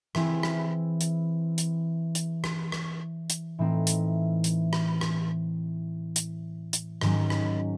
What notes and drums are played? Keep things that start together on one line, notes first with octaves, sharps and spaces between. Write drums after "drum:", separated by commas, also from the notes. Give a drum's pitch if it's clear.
E3 C4 E4 G#4, drum: rim click
drum: rim click
drum: hi-hat
drum: hi-hat
drum: hi-hat
drum: rim click
drum: rim click
drum: hi-hat
A2 E3 A3 C4 D#4
drum: hi-hat
drum: hi-hat
drum: rim click
drum: rim click
drum: hi-hat
drum: hi-hat
G#2 D#3 F#3 C#4, drum: rim click
drum: rim click